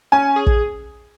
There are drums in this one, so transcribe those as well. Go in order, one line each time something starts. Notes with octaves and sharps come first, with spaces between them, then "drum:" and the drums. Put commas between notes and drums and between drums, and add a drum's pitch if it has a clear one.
C#4 G#5
G#4
drum: kick